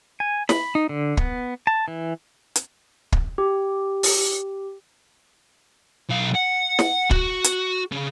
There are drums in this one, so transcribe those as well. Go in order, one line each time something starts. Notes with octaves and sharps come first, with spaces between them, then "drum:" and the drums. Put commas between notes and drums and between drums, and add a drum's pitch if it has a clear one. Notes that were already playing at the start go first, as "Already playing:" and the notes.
G#5
B5, drum: snare
D#4
D3
B3, drum: kick
A5
E3
drum: hi-hat
drum: kick
G4
drum: open hi-hat
B1 F5
F#5
drum: snare
F#4, drum: kick
drum: hi-hat
C#3